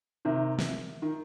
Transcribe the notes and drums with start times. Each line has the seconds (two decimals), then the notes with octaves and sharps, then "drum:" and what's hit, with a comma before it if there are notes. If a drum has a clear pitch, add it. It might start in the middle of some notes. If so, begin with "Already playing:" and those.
0.25 C3 D#3
0.59 drum: snare
1.02 D#3